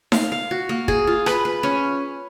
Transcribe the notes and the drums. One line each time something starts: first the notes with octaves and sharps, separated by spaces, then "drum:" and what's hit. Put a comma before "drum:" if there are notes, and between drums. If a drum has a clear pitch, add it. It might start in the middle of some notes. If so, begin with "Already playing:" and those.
F5, drum: snare D#4
F5
F#4
A#3
G#4, drum: kick
F4
B4, drum: rim click
B4
C#4